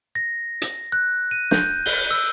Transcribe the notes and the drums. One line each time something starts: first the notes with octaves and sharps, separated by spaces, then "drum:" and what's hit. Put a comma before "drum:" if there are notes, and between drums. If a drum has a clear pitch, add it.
A#6
drum: hi-hat
F#6
D#7
G6, drum: snare
G7, drum: open hi-hat
E6